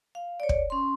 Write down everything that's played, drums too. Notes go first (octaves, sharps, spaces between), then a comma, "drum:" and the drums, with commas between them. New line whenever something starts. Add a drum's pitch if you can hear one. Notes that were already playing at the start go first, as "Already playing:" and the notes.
F5
C#5 D5
drum: kick
C#4 C6